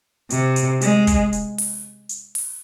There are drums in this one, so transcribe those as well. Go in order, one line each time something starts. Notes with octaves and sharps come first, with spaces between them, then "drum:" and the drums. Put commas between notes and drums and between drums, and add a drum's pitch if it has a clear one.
C3, drum: hi-hat
drum: hi-hat
G#3, drum: hi-hat
drum: kick, hi-hat
drum: hi-hat
drum: open hi-hat
drum: hi-hat
drum: open hi-hat